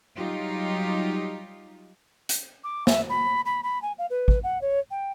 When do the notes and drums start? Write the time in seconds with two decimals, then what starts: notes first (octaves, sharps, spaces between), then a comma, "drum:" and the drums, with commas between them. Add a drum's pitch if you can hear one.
0.16 F#3 G3 D#4 F4 G4
2.29 drum: hi-hat
2.64 D6
2.87 E5, drum: snare
3.09 B5
3.45 B5
3.63 B5
3.82 G#5
3.98 F5
4.10 B4
4.28 drum: kick
4.43 F#5
4.61 C#5
4.91 G5